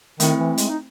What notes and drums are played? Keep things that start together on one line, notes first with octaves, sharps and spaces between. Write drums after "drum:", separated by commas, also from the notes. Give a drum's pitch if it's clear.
D#3 A3 C4 E4, drum: hi-hat
E3
G#3, drum: hi-hat
D#4